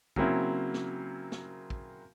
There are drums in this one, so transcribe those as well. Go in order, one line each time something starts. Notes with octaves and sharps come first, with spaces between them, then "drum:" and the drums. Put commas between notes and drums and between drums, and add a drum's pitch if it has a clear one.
C#3 F#3 A#3 C4 E4, drum: kick
drum: snare
drum: snare
drum: kick